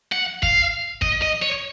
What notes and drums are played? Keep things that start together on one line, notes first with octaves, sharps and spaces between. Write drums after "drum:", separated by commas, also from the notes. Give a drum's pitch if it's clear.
F#5
F5, drum: kick
D#5, drum: kick
D#5
C#5